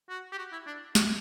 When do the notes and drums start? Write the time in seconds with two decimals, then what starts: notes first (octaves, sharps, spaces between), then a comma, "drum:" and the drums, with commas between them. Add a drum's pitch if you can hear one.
0.09 F#4
0.32 G4
0.38 F#4
0.52 E4
0.67 D4
0.95 F#4, drum: snare